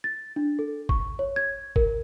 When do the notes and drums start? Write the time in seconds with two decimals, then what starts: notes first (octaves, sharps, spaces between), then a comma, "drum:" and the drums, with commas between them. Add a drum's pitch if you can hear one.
0.04 A6
0.36 D4
0.59 A4
0.89 C#6, drum: kick F#1
1.19 C#5
1.36 G#6
1.76 A#4, drum: kick F#1